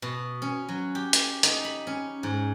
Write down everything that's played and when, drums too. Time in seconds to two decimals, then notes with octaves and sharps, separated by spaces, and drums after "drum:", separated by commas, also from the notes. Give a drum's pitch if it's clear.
0.02 B2
0.42 C#4
0.69 F#3
0.95 G4
1.13 drum: hi-hat
1.43 D#4, drum: hi-hat
1.64 B5
1.87 C#4
2.23 G#2